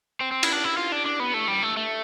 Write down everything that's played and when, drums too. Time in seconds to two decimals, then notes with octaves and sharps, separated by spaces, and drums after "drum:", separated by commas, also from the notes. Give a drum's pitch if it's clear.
0.21 C4
0.32 C4
0.43 E4, drum: cymbal
0.52 D4
0.64 E4
0.77 F4
0.92 D4
1.06 D4
1.20 B3
1.34 A3
1.48 G3
1.63 A3
1.77 A3